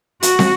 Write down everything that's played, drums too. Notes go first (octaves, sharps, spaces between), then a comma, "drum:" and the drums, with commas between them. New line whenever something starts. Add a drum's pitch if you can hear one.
F#4, drum: hi-hat
drum: snare